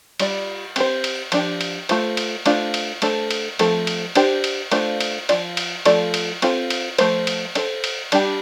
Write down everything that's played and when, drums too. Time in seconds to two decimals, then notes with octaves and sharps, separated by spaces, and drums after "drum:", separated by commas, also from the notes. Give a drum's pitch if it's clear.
0.20 G3 F4 D5, drum: cymbal
0.76 C4 G4 C5, drum: cymbal
1.04 drum: cymbal
1.32 F3 D4 G4, drum: cymbal
1.61 drum: cymbal
1.89 A3 F4 C5, drum: cymbal
2.17 drum: cymbal
2.46 A3 D4 F4 C5, drum: cymbal
2.74 drum: cymbal
3.02 A3 D4 A4 C5, drum: cymbal
3.31 drum: cymbal
3.59 F3 A3 C4 A4, drum: cymbal
3.87 drum: cymbal
4.15 D4 G4 C5, drum: cymbal
4.44 drum: cymbal
4.71 A3 D4 F4 C5, drum: cymbal
5.01 drum: cymbal
5.29 F3 C4 F4 D5, drum: cymbal
5.57 drum: cymbal
5.85 F3 A3 F4 A4 D5, drum: cymbal
6.14 drum: cymbal
6.42 C4 F4 A4 C5, drum: cymbal
6.70 drum: cymbal
6.98 F3 A3 C5, drum: cymbal
7.27 drum: cymbal
7.55 D4 A4 C5, drum: cymbal
7.84 drum: cymbal
8.12 G3 D4 G4, drum: cymbal